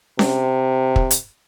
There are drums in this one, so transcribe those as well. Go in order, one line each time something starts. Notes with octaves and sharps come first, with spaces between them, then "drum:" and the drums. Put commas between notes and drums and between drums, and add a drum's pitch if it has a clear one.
C3, drum: snare C#4
drum: kick
drum: hi-hat